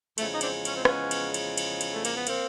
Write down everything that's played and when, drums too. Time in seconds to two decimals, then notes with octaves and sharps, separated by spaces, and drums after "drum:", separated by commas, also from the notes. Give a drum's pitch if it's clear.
0.18 E2 C#3 F3 G#3 A3, drum: cymbal
0.34 D#4
0.41 C4 D4, drum: cymbal
0.65 C#4, drum: cymbal
0.75 C4
0.85 B3 C#4, drum: rim click
1.11 drum: cymbal
1.34 drum: cymbal
1.58 drum: cymbal
1.81 drum: cymbal
1.93 A3
2.05 A#3, drum: cymbal
2.16 B3
2.27 A#3 C4, drum: cymbal